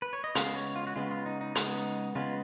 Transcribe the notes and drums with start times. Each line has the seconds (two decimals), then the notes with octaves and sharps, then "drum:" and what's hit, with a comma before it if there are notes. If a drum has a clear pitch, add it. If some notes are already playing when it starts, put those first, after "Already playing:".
0.02 B4
0.13 C#5
0.24 D#5
0.35 C#3 G#3 B3 F5, drum: hi-hat
0.56 C#5
0.76 F4
0.87 F#4
0.96 C#3 G#3 B3 F4
1.11 F4
1.26 D#4
1.41 D#4
1.55 C#3 G#3 B3, drum: hi-hat
2.15 C#3 G#3 B3 F4